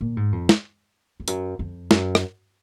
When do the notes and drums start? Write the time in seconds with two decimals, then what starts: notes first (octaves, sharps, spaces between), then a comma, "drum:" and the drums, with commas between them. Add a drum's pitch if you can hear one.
0.01 A#2
0.17 G#2
0.32 F2
0.49 drum: snare
1.20 F2
1.28 F#2, drum: hi-hat
1.59 F2
1.91 F#2, drum: snare
2.15 drum: rim click